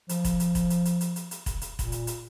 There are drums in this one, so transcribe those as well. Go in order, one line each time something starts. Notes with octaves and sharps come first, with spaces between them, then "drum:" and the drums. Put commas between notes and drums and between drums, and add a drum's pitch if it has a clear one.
F3, drum: hi-hat
drum: kick, hi-hat
drum: hi-hat
drum: kick, hi-hat
drum: hi-hat
drum: hi-hat
drum: hi-hat
drum: hi-hat
drum: hi-hat
drum: kick, hi-hat
drum: hi-hat
A#2, drum: kick, hi-hat
drum: hi-hat
drum: hi-hat